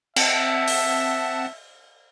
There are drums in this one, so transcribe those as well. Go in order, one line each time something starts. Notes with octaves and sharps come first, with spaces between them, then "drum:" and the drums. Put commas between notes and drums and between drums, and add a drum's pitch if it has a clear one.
C4 E5 F#5 A5, drum: cymbal
drum: open hi-hat